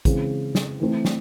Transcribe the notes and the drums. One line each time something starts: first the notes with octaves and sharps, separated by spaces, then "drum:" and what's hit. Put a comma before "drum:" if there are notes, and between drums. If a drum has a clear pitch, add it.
C#3 E3 G#3 C4, drum: kick, hi-hat
drum: snare
E3 A3 C4
drum: snare